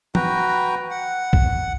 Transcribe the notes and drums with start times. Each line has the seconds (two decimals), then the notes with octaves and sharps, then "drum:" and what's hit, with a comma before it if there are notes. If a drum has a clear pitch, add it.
0.15 F#4 B4 G5 A#5, drum: tom
0.90 F#5
1.33 drum: kick